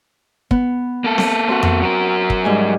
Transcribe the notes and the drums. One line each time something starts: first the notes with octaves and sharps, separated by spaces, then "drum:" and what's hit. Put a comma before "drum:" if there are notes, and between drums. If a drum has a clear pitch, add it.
B3, drum: kick
A#3 A4
drum: snare C4
C4 F#4 F#5
drum: tom F2
F#3 A#4
drum: kick
G#2 G3 G#5